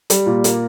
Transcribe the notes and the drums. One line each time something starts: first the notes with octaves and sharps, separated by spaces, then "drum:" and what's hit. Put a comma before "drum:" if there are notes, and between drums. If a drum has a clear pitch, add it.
G3, drum: hi-hat
A#2
A#3, drum: hi-hat